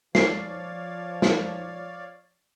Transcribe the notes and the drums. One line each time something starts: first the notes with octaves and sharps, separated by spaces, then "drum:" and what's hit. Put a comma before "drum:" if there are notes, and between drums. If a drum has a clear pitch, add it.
F3 C#5 D5 F5 C7, drum: snare
drum: snare